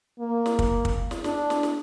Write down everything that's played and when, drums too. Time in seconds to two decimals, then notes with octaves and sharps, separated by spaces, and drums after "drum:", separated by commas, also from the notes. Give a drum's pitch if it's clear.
0.20 A#3
0.46 drum: snare
0.59 drum: kick
0.85 drum: kick
1.11 drum: snare
1.24 D4, drum: snare
1.50 drum: snare
1.63 drum: snare